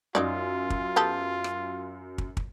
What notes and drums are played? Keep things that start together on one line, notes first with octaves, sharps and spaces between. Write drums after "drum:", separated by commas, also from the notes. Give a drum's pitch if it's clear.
F#2 F#3 D#4 F4 D5
drum: kick
B3 G4 A4
drum: rim click
drum: kick
drum: kick